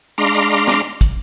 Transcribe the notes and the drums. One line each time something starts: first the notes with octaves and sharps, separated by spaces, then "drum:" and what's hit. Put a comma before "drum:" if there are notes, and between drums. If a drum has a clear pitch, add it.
G#3 D4 F5 A#5 C6 D6
drum: hi-hat
drum: snare
drum: kick, hi-hat